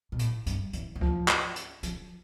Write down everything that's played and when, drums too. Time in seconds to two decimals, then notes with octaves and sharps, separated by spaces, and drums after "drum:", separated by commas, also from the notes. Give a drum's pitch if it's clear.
0.12 B2
0.19 A2, drum: hi-hat
0.46 G2, drum: hi-hat
0.73 E3, drum: hi-hat
0.95 E3
1.01 F3, drum: kick C#2
1.28 drum: clap
1.56 drum: hi-hat
1.83 F3, drum: hi-hat